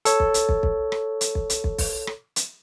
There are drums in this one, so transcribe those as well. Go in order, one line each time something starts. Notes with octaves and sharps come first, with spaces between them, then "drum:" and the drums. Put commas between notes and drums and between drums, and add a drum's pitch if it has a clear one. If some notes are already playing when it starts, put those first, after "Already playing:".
A4 C#5, drum: hi-hat
drum: kick
drum: hi-hat
drum: kick
drum: kick
drum: rim click
drum: hi-hat
drum: kick
drum: hi-hat
drum: kick
drum: kick, open hi-hat
drum: rim click
drum: hi-hat